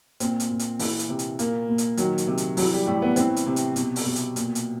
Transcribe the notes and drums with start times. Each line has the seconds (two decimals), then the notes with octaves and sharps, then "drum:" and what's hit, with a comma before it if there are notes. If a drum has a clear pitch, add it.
0.20 A#2 C4, drum: hi-hat
0.40 drum: hi-hat
0.50 A#2
0.59 drum: hi-hat
0.79 E3, drum: open hi-hat
0.99 drum: hi-hat
1.09 C3
1.19 drum: hi-hat
1.39 A#2 A#3, drum: hi-hat
1.69 A#2
1.78 drum: hi-hat
1.97 D#3 F#3, drum: hi-hat
2.18 drum: hi-hat
2.27 C3
2.37 drum: hi-hat
2.57 E3 F#3, drum: open hi-hat
2.73 G3
2.86 A2 G3
3.02 B3
3.16 E3 C4, drum: hi-hat
3.36 drum: hi-hat
3.46 C3
3.56 drum: hi-hat
3.76 B2, drum: hi-hat
3.96 drum: open hi-hat
4.06 B2
4.16 drum: hi-hat
4.36 A#2, drum: hi-hat
4.55 drum: hi-hat